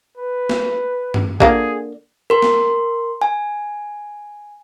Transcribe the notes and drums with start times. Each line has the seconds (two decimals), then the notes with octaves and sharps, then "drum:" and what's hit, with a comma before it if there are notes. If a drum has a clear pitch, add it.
0.17 B4
0.49 drum: snare
1.14 drum: tom G2
1.40 D3 A#3 F4 G#4, drum: kick A1
2.30 A#4 C6
2.42 drum: snare
3.22 G#5